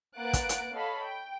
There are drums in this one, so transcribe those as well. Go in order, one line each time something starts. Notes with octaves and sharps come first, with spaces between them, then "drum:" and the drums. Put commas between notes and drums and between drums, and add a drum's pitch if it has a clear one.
A#3 B4 F#5 F#6 A6 D7
drum: kick, hi-hat
drum: hi-hat
A4 C#5 D#5 F5 B5
G5